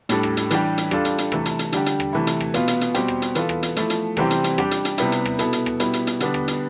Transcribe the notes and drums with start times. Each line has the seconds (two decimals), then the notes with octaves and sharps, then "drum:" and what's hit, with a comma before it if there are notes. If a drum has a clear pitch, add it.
0.09 A2 G3 D4 A4, drum: hi-hat
0.23 drum: rim click
0.37 drum: hi-hat
0.51 E3 G3 D4 G4, drum: hi-hat
0.78 drum: hi-hat
0.91 G3 D4 F4 A4, drum: rim click
1.05 drum: hi-hat
1.18 drum: hi-hat
1.32 C3 E3 A3 E4 A4, drum: rim click
1.45 drum: hi-hat
1.59 drum: hi-hat
1.72 D3 G3 D4 G4, drum: hi-hat
1.86 drum: hi-hat
2.00 drum: rim click
2.13 C3 E3 A3 E4
2.27 drum: hi-hat
2.40 drum: rim click
2.54 B2 B3 F4, drum: hi-hat
2.68 drum: hi-hat
2.81 drum: hi-hat
2.94 B2 G3 C4 G4, drum: hi-hat
3.08 drum: rim click
3.22 drum: hi-hat
3.35 E3 B3 F4 A4, drum: hi-hat
3.49 drum: rim click
3.63 drum: hi-hat
3.76 F3 A3 E4 A4, drum: hi-hat
3.90 drum: hi-hat
4.17 C3 E3 G3 C4 G4, drum: rim click
4.31 drum: hi-hat
4.44 drum: hi-hat
4.58 G3 D4 G4, drum: rim click
4.71 drum: hi-hat
4.85 drum: hi-hat
4.98 C3 G3 B3 E4, drum: hi-hat
5.12 drum: hi-hat
5.26 drum: rim click
5.39 B2 B3 E4 A4, drum: hi-hat
5.53 drum: hi-hat
5.66 drum: rim click
5.80 B2 G3 B3 E4, drum: hi-hat
5.93 drum: hi-hat
6.07 drum: hi-hat
6.20 D3 G3 B3 D4, drum: hi-hat
6.34 drum: rim click
6.48 drum: hi-hat